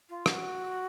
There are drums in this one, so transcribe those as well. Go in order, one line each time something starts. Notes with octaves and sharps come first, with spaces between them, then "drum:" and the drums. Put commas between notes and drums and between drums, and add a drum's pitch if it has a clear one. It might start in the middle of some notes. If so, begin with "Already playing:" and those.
F4
F#4, drum: rim click